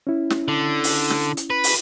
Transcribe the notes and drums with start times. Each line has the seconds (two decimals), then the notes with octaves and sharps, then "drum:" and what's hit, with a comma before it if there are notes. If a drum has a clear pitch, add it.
0.07 C#4 E4
0.30 drum: snare
0.48 D3
0.84 drum: open hi-hat
1.10 drum: snare
1.37 drum: hi-hat
1.50 B4
1.64 drum: open hi-hat